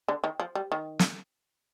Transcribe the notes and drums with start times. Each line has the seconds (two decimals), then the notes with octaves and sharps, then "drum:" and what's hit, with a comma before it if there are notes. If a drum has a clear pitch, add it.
0.08 D3
0.24 D#3
0.40 F3
0.55 G3
0.72 D#3
0.99 drum: snare